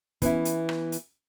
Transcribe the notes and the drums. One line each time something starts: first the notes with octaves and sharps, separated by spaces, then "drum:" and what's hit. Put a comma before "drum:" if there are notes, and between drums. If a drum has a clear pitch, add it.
E3 B3 C#4 E4, drum: kick, hi-hat
drum: hi-hat
drum: rim click
drum: hi-hat